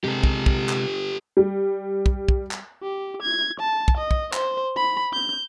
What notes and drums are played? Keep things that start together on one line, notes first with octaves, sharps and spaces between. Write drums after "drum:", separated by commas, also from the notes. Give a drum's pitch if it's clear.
C3 G#3 G4 A4
drum: kick
drum: kick
drum: clap
G3
drum: kick
drum: kick
drum: clap
G4
G#6
A5
drum: kick
D#5
drum: kick
C5, drum: clap
B5
G6